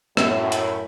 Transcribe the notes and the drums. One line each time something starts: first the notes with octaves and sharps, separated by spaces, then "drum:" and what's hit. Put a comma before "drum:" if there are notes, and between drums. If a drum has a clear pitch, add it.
F#2 A2, drum: rim click
drum: hi-hat